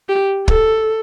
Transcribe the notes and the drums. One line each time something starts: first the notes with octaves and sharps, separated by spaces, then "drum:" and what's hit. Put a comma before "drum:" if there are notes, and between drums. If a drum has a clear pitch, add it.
G4
A4, drum: kick